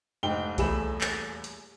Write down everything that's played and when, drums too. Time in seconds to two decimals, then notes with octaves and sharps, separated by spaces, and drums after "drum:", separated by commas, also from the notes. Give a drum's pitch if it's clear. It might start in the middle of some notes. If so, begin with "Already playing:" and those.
0.23 F1 G#2 D#4 G5 G7
0.58 D#1 E2 A3 G#4 B5 E7, drum: kick B1, hi-hat
1.01 drum: clap
1.44 drum: hi-hat